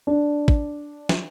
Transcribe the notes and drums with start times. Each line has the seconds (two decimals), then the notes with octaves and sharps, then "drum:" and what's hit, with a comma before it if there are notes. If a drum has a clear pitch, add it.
0.07 D4
0.48 drum: kick
1.09 drum: snare